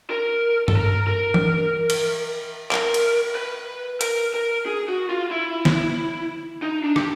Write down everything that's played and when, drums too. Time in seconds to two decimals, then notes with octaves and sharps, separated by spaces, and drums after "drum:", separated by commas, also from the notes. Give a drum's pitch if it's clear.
0.10 A#4
0.68 A4, drum: tom G2
0.75 A#4
1.07 A#4
1.34 drum: tom E3
1.90 drum: cymbal
2.71 A#4, drum: clap
2.94 drum: cymbal
3.35 B4
4.01 A#4, drum: hi-hat
4.34 A#4
4.66 G#4
4.88 F#4
5.09 F4
5.31 E4
5.65 drum: snare
6.62 D#4
6.84 D4
6.96 G4, drum: rim click